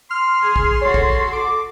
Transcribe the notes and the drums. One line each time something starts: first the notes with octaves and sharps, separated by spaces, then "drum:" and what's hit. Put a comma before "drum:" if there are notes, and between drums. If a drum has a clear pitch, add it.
C6 F6
G#4
drum: kick
F#4 A4 C#5
drum: kick
D6